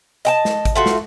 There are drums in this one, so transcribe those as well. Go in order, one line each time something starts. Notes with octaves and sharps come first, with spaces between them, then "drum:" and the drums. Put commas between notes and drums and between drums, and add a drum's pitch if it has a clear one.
D#5 G5 A5, drum: hi-hat
drum: snare
drum: kick G#1, hi-hat
A3 F4 F#4
drum: snare